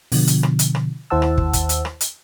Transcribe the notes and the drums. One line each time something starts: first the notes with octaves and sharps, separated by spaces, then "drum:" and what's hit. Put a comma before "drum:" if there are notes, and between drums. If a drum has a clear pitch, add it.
B2 D3 F3, drum: open hi-hat
drum: hi-hat
drum: rim click
drum: hi-hat
drum: rim click
D#2 E4 C5 F#5 A5 E6
drum: rim click
drum: kick
drum: kick, hi-hat
drum: hi-hat
drum: rim click
drum: hi-hat